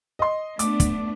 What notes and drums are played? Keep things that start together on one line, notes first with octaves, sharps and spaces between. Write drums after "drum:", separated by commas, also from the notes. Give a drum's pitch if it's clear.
D#5 C6
A3 B3 D4 D6, drum: hi-hat
drum: kick, hi-hat